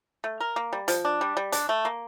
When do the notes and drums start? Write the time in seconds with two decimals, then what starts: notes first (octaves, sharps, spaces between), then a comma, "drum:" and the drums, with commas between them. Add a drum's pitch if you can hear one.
0.24 A3
0.40 A#4
0.56 A#3
0.73 G3
0.88 F3, drum: hi-hat
1.05 D4
1.21 G3
1.37 G3
1.52 D4, drum: hi-hat
1.69 A3
1.85 A#3